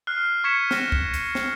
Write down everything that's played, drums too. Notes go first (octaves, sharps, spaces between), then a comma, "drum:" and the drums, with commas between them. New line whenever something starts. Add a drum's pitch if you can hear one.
F6 F#6 C7
C#6 G#6 B6 C#7 E7
F6 A#6 C#7, drum: snare
drum: kick C2
drum: hi-hat
drum: snare